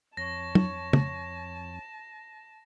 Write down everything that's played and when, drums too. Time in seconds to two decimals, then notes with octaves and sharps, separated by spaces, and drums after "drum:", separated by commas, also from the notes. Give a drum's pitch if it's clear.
0.17 F2 C#5 A5 A#6
0.55 drum: tom
0.93 drum: tom